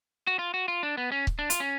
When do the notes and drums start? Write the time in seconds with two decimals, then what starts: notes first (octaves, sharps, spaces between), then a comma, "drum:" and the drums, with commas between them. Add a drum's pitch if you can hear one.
0.27 F#4
0.39 F4
0.54 F#4
0.68 F4
0.83 D4
0.97 B3
1.12 C#4
1.27 drum: kick
1.39 D4
1.50 F4, drum: hi-hat
1.60 C#4